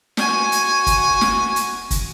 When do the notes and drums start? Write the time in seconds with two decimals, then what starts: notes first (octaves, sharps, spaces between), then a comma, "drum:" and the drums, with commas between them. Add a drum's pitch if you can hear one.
0.17 F#4 G#5, drum: snare
0.52 drum: hi-hat
0.87 drum: kick, hi-hat
1.21 drum: snare
1.56 drum: hi-hat
1.91 drum: kick, hi-hat